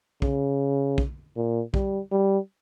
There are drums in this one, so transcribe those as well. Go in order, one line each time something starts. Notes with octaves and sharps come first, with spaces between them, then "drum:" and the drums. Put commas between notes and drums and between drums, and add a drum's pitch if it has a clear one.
C#3, drum: kick
drum: kick
A#2
G3, drum: kick
G3